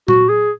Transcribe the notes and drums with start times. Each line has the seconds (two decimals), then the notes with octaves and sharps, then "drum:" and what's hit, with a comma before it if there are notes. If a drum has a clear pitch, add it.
0.08 F#4, drum: tom A#2
0.29 G#4